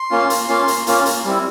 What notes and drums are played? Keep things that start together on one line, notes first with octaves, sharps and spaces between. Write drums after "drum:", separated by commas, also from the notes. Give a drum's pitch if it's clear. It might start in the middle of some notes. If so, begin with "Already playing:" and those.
Already playing: C6
A#3 C#4 F4
drum: hi-hat
A#3 C#4 F4
drum: hi-hat
A#3 C#4 F4, drum: hi-hat
drum: hi-hat
G3 C4 E4